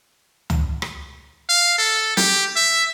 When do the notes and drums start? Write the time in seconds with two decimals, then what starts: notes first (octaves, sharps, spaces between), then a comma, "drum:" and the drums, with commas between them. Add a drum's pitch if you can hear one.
0.50 drum: tom C#2
0.82 drum: rim click
1.49 F5
1.78 A4
2.17 G4, drum: snare
2.56 E5